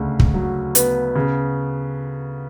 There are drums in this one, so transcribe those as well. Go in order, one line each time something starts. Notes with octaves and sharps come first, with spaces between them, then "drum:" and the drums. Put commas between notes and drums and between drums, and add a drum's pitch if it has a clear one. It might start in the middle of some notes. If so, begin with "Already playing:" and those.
Already playing: D2 C#3
drum: kick
F#3
B3, drum: hi-hat
C#3